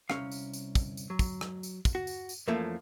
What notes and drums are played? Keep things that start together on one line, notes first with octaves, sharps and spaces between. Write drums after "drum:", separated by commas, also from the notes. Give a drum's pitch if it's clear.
C2 C#3 C#4 F5, drum: rim click
drum: tambourine
drum: tambourine
drum: kick, tambourine
drum: tambourine
F#3
drum: kick, tambourine
drum: rim click
drum: tambourine
drum: kick, tambourine
F#4
drum: tambourine
drum: tambourine
F2 E3 F3 A3 A#3 C#4